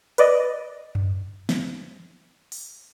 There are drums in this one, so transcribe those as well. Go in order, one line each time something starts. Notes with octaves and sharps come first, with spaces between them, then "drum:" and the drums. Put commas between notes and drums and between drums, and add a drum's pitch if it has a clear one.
B4 D5 D#5, drum: hi-hat
drum: tom F#2
drum: snare
drum: open hi-hat